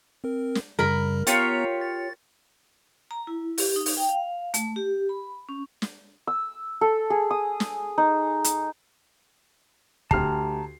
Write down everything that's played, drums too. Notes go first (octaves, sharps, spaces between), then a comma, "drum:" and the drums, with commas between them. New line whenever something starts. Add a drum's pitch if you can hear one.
C4 A#4
drum: snare
F#2 C#3 G3 A#4 B5
B3 F4 G4 C#5 A#5, drum: hi-hat
A6
A#5
E4
G4, drum: open hi-hat
D#4
drum: open hi-hat
G5
F5
A3, drum: hi-hat
G4
B5
C#4
drum: snare
E6
A4
G#4
D#6
drum: snare
D#4
drum: hi-hat
D2 G4 A5 A#5 F6 C7, drum: kick